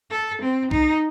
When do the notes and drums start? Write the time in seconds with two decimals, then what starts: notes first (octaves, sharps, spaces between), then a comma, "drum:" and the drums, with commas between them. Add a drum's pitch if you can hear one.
0.11 A4
0.42 C4
0.71 D#4, drum: kick